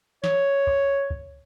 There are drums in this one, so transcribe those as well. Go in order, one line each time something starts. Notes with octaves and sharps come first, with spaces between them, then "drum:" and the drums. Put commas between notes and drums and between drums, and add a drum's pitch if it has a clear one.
C#5, drum: snare
drum: kick
drum: kick